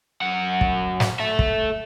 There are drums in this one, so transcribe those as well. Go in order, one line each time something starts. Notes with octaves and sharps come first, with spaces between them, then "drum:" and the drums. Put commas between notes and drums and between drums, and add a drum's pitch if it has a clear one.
F#2 F#5
drum: kick
drum: snare
A4 E5
drum: kick